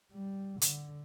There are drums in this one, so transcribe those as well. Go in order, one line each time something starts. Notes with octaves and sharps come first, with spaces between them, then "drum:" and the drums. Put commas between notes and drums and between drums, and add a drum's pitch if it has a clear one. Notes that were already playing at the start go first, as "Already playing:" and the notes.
G3
D3, drum: hi-hat